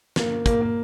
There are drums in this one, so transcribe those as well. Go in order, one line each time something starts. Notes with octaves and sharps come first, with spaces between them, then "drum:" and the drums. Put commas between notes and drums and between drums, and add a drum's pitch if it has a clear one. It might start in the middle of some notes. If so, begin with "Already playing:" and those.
A#3, drum: snare
A#3, drum: kick, hi-hat
A#3